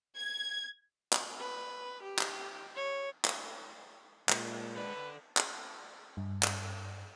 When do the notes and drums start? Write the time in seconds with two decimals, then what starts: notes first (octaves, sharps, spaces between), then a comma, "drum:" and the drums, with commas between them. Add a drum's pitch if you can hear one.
0.17 G#6
1.13 drum: clap
1.39 B4
2.03 G4
2.19 drum: clap
2.75 C#5
3.25 drum: clap
4.29 A#2 G#3, drum: clap
4.76 A4 B4 D5
5.37 drum: clap
6.17 G2
6.43 drum: clap